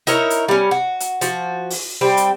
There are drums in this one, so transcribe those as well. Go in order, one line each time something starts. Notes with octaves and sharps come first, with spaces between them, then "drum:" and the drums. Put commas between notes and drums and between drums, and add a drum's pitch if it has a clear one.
D#4 E4 A#4 C#5, drum: hi-hat
drum: hi-hat
G3 C#4
F#4
drum: hi-hat
F3 F#4, drum: hi-hat
drum: open hi-hat
G3 C4 G5
drum: hi-hat